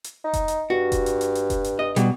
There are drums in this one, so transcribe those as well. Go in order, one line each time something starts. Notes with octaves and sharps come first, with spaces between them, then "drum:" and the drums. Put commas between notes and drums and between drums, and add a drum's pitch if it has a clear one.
drum: hi-hat
D#4
drum: kick F1, hi-hat
drum: hi-hat
G2 F#4
drum: kick F1, hi-hat
drum: hi-hat
drum: hi-hat
drum: hi-hat
drum: kick F1, hi-hat
drum: hi-hat
D#5
B2 G3, drum: hi-hat